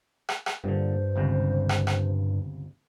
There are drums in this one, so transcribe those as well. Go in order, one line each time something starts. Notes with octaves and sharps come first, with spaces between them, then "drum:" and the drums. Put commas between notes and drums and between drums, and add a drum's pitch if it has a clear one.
drum: rim click
drum: rim click
G2 A#2 D3 C5
G1 C#2 C3
drum: rim click
drum: rim click